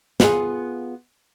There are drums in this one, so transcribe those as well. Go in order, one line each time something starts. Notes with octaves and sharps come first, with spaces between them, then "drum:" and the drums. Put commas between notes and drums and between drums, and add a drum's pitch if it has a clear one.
B3 F4 G#4, drum: snare